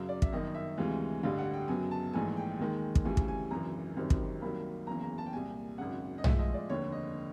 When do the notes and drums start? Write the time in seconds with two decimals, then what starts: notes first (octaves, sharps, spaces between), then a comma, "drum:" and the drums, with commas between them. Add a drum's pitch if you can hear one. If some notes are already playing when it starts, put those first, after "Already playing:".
Already playing: F#2 C#3 F#3 F5
0.09 D5
0.22 E5, drum: kick
0.32 G1 F#2 D#3 D#5
0.55 E5
0.78 D2 C3 E3 G#3 F5
1.23 A1 G2 D3 G3 F5
1.38 F#5
1.54 G5
1.68 F#2 C#3 F#3 B3 G#5
1.91 A5
2.13 A#1 G#2 E3 A3 G#5
2.37 G5
2.59 D#2 D#3 G#3
2.95 drum: kick
3.05 D2 C#3 E3 G3 G#5
3.17 drum: kick
3.28 G#5
3.51 G#1 F#2 C#3 E3 A#5
3.96 G#1 F#2 D#3 G3 C4
4.10 drum: kick
4.41 C2 C3 D#3 F#3 A#3 B5
4.87 F#1 E2 C#3 E3 A#5
5.03 A#5
5.18 A5
5.26 G5
5.32 C2 A#2 G3 G#5
5.78 G#1 F#2 C#3 F#5
6.18 D#5
6.24 A2 F3 G#3 E5, drum: tom
6.39 D#5
6.54 D5
6.70 F1 D#2 D3 C#5
6.92 D#5